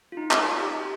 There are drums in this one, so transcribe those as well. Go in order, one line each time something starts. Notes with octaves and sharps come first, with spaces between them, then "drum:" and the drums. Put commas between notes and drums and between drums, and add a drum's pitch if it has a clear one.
F4
D#4
F4, drum: clap
G4